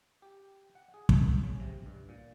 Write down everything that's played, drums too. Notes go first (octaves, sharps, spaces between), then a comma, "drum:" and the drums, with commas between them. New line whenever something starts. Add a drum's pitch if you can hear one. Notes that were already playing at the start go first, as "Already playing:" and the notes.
G4
F#5
G#4
drum: kick
C#3
C3
G2
A#2